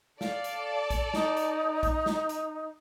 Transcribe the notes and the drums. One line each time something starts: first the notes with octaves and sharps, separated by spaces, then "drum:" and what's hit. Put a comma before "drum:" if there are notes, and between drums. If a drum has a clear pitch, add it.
A4 D5 F5, drum: snare
drum: hi-hat
drum: kick A#1, hi-hat
D#4, drum: snare
drum: hi-hat
drum: kick A#1, hi-hat
drum: snare
drum: hi-hat